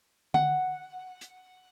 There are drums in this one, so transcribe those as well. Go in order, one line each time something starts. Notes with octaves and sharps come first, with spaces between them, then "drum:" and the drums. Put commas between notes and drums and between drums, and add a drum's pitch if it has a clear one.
F#5, drum: tom D3
drum: hi-hat